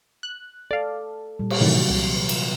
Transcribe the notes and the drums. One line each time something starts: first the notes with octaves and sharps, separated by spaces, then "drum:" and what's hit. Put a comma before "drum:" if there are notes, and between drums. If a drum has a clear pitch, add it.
F#6
A4 D5 F5
A#2 G3
drum: cymbal
A2 C3 D#3 E3 F#3
C2
B4
drum: cymbal